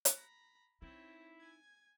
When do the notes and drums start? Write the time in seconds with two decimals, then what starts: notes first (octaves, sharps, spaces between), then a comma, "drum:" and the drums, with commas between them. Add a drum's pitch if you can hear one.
0.05 drum: hi-hat
0.14 A#5 B5
0.82 C4 D#4 E4 C#5
1.39 G#5 G#6